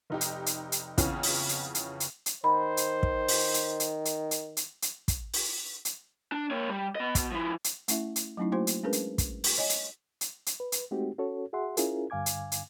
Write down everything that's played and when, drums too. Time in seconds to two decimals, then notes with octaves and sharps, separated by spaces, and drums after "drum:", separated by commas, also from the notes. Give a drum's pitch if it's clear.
0.10 F1 D#4 G4
0.21 drum: hi-hat
0.46 drum: hi-hat
0.72 drum: hi-hat
0.98 F2 C#3 E3 B3 C#4, drum: kick, hi-hat
1.23 drum: open hi-hat
1.49 drum: hi-hat
1.75 drum: hi-hat
2.00 drum: hi-hat
2.26 drum: hi-hat
2.44 D#3 C5 B5
2.77 drum: hi-hat
3.03 drum: kick
3.28 drum: open hi-hat
3.54 drum: hi-hat
3.80 drum: hi-hat
4.05 drum: hi-hat
4.31 drum: hi-hat
4.57 drum: hi-hat
4.82 drum: hi-hat
5.08 drum: kick, hi-hat
5.34 drum: open hi-hat
5.85 drum: hi-hat
6.32 D4
6.51 A#3 C#5
6.69 G3
6.96 B3 D#5
7.15 B2, drum: kick, hi-hat
7.32 F3 E4
7.64 drum: hi-hat
7.88 A3 C#4 E4 E5, drum: hi-hat
8.16 drum: hi-hat
8.37 F#3 A3 C#4 D#4 E4
8.52 A3 A#3 E4 F#4 C5 C6
8.67 drum: hi-hat
8.83 G#3 C#4 D4 G#4 A#4 B4
8.93 drum: hi-hat
9.18 drum: kick, hi-hat
9.44 drum: open hi-hat
9.58 C#5 D#5 G#5
9.70 drum: hi-hat
10.21 drum: hi-hat
10.46 drum: hi-hat
10.60 B4
10.72 drum: hi-hat
10.91 G#3 A3 C4 D#4 F#4 G4
11.18 C#4 F#4 A4 C#5
11.53 F#4 G#4 E5 F#5 C6
11.77 C#4 E4 F4 G#4 A#4, drum: hi-hat
12.10 G2 D3 F5 G#5 D6 G#6
12.26 drum: hi-hat
12.52 drum: hi-hat